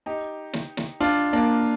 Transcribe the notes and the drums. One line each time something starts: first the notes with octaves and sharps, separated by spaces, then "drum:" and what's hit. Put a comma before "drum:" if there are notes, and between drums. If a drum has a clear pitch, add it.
D#4 G4
drum: snare
drum: snare
D4 F4
A#3 D4